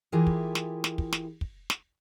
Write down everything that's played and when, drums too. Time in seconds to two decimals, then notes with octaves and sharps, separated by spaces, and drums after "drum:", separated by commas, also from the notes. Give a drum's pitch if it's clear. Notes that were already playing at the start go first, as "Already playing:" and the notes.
0.12 E3 E4 F4 G4 G#4 A#4
0.27 drum: kick
0.55 drum: snare
0.84 drum: snare
0.98 drum: kick
1.13 drum: snare
1.41 drum: kick
1.70 drum: snare